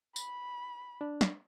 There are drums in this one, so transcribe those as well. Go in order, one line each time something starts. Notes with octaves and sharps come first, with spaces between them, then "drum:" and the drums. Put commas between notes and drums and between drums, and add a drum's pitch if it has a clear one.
B5, drum: tambourine
D4
drum: snare